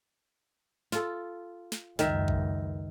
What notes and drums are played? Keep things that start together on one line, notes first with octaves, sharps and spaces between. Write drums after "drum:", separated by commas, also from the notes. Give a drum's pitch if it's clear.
F4 A4, drum: snare
drum: snare
C#2 F#2 D#3 E5, drum: snare
drum: kick